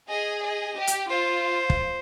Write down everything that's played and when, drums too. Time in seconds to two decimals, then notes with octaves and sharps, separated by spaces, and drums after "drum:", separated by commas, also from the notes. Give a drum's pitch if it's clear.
0.08 G#4 D#5
0.42 D#5
0.76 G4
0.87 drum: hi-hat
1.10 F4 C5
1.70 drum: kick